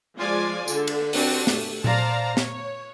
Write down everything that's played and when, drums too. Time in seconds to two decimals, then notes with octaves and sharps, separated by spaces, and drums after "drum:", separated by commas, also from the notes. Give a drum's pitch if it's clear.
0.18 F3 G#3 F4 D5 G#5
0.68 D3, drum: tambourine
0.87 drum: cymbal
1.13 C4 D4 F#4 G4, drum: open hi-hat
1.47 A3 G4, drum: snare
1.84 C5 D5 F5 A5 A#5, drum: tom A#2
2.37 C#5, drum: snare